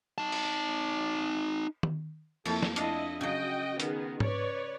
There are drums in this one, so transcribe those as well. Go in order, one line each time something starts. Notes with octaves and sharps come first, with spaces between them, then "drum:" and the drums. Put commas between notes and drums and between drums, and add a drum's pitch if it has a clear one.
D#4 A5
drum: cymbal
drum: tom D#3
F2 A3 A#3 E4 C#5 A5, drum: cymbal
drum: snare
D4 E4 D#5 F5, drum: hi-hat
C#3 F#3 F#4 D#5 G5
D#3 B3 G#4, drum: hi-hat
B4 C#5 D5, drum: tom G#2